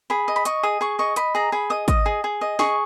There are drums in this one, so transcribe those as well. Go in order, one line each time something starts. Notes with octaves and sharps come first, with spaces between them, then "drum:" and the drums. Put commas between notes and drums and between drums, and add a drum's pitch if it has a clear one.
G#4 B5
D#5
B5
D#5 C#6, drum: hi-hat
G#4 D#6
G#4 C#6
D#5 C#6
D#5 B5, drum: hi-hat
G#4 A#5
G#4 B5
D#5 D#6
D#5 D#6, drum: kick, hi-hat
G#4
G#4
D#5
G#4 C#6, drum: snare